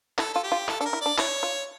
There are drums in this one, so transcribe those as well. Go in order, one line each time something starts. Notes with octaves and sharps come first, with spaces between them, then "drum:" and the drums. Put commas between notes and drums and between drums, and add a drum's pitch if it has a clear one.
E4 A4, drum: clap
F4 A4
G4
F4
E4 A4, drum: clap
D4 A4
A#4
E4
D4 D5
E4 C#5, drum: clap
F4